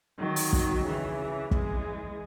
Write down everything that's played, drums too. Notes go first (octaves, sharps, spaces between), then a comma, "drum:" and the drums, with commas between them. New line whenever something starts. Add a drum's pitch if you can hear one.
D#3 F#3
drum: open hi-hat
drum: kick
C#3 E3
E3 G#3, drum: kick